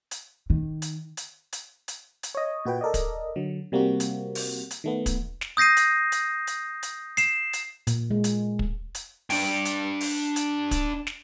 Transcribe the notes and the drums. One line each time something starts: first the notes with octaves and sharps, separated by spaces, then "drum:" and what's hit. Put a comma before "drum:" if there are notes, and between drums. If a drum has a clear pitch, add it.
drum: hi-hat
D#3
drum: hi-hat
drum: hi-hat
drum: hi-hat
drum: hi-hat
drum: hi-hat
C#5 D#5
A#2 F#4 B4 G5
A4 A#4 D5 D#5
drum: kick, hi-hat
D3 F#3
C3 G3 A#3 C4 F#4
drum: hi-hat
drum: open hi-hat
drum: hi-hat
D#3 A3 B3
drum: kick, hi-hat
drum: snare
D#6 G6 A#6 C7 D#7
drum: hi-hat
drum: hi-hat
drum: hi-hat
drum: hi-hat
C7 E7, drum: hi-hat
drum: hi-hat
A#2, drum: hi-hat
G#3
drum: hi-hat
drum: kick
drum: hi-hat
D4 G5, drum: open hi-hat
drum: hi-hat
drum: open hi-hat
drum: hi-hat
drum: kick, hi-hat
drum: snare